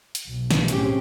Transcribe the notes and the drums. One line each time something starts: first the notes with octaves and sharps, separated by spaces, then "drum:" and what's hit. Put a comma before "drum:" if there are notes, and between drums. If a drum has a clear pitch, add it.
drum: hi-hat
B1
drum: snare
A2 G#3 C4 C#4 G4, drum: hi-hat